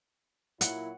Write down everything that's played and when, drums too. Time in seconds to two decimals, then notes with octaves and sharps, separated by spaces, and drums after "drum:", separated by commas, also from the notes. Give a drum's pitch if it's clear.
0.61 A#2 F#3 E4 F#5, drum: hi-hat